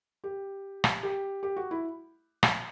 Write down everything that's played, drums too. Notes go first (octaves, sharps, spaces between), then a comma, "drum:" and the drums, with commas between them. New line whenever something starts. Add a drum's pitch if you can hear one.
G4
drum: rim click
G4
G4
F#4
E4
drum: rim click